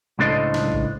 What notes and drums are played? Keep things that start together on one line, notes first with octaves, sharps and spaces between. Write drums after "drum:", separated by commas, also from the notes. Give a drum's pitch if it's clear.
C#2 A2 D4 A4 C5 D#5
drum: snare
drum: kick A1